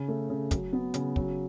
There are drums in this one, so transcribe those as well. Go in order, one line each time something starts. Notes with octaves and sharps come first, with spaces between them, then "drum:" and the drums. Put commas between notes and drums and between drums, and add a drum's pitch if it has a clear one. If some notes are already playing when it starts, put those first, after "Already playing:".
Already playing: C#3
A3
C#3
F#3, drum: kick, hi-hat
B3
C#3, drum: hi-hat
F#3, drum: kick